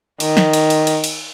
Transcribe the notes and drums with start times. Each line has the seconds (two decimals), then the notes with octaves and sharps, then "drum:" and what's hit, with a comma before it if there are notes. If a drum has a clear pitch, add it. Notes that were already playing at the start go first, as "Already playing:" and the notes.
0.20 D#3, drum: cymbal
0.37 drum: snare
0.53 drum: cymbal
0.70 drum: cymbal
0.87 drum: cymbal
1.04 drum: cymbal